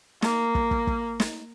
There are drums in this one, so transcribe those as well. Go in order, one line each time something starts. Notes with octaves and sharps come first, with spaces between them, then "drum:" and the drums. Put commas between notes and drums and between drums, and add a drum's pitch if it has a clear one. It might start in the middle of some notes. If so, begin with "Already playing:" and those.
A#3, drum: snare
drum: kick
drum: kick
drum: kick
drum: snare